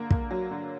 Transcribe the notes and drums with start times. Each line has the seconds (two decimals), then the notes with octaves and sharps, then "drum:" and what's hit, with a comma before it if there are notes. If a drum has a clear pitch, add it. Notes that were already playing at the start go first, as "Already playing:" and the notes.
Already playing: D3 A#3
0.11 A#3, drum: kick
0.31 F#3
0.51 D3